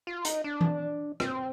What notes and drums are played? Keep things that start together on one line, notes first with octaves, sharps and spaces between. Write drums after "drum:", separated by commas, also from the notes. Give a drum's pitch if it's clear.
F4
D#4, drum: hi-hat
D4
drum: tom E3
C4, drum: rim click